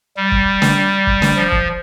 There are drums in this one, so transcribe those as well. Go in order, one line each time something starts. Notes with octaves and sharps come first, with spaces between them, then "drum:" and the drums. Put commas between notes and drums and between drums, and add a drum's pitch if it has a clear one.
G3
drum: kick
drum: snare
drum: kick
drum: snare
F3
drum: kick